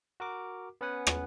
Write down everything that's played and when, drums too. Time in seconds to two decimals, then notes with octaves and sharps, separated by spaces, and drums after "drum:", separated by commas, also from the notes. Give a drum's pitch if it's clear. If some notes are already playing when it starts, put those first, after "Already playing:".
0.20 F#4 A#4 D6
0.81 B3 C#4 B4 F#5 G#5
1.07 drum: rim click